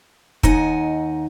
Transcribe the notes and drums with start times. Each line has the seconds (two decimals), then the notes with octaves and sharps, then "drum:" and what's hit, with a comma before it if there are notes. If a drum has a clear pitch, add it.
0.43 D#2 D#4 D#5 F#5 G#5, drum: kick